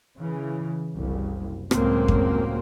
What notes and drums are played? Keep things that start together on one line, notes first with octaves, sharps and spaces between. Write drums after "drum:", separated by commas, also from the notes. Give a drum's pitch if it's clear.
C#3 E3
F#1 C2
C#2 A2 C#3 F#3 A#3 C4, drum: rim click
drum: kick F2